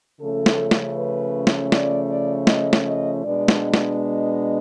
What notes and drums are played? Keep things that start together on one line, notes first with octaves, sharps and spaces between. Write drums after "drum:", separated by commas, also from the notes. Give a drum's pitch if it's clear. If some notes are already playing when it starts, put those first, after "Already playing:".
C#3 F3 A3 C#4 A4
drum: snare
drum: snare
B4
drum: snare
D5, drum: snare
D5
D#5, drum: snare
drum: snare
D#5
B2 G#3 B3 D4 D5
drum: snare
D#5
drum: snare
D#5